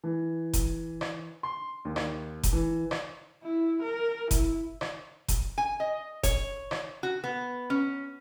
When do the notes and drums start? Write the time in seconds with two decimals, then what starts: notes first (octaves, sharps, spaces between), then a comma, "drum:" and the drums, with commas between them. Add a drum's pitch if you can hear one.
0.04 E3
0.53 drum: kick F1, hi-hat
1.01 drum: rim click
1.43 C6
1.85 D#2
1.96 drum: rim click
2.43 drum: kick F1, hi-hat
2.53 E3
2.91 drum: rim click
3.42 E4
3.82 A#4
4.31 E4, drum: kick F1, hi-hat
4.81 drum: rim click
5.28 drum: kick F1, hi-hat
5.58 G#5
5.80 D#5
6.23 C#5, drum: kick F1, hi-hat
6.71 drum: rim click
7.03 F#4
7.24 B3
7.70 C#4